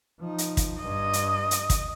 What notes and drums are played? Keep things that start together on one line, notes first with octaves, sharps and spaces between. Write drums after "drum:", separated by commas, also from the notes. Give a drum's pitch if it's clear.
F3 D#4
drum: hi-hat
drum: kick, hi-hat
G2 D#5
drum: hi-hat
drum: hi-hat
drum: kick, hi-hat